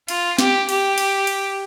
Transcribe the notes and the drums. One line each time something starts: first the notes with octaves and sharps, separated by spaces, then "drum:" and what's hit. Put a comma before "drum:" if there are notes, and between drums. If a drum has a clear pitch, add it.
F4, drum: cymbal
G4, drum: snare
G4, drum: cymbal
drum: cymbal
drum: cymbal